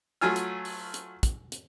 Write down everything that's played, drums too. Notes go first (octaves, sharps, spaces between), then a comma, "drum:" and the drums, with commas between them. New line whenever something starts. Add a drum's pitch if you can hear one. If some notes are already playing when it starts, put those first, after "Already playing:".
F#3 A3 F4 G#5 F6
drum: hi-hat
drum: open hi-hat
drum: hi-hat
drum: kick, hi-hat
drum: hi-hat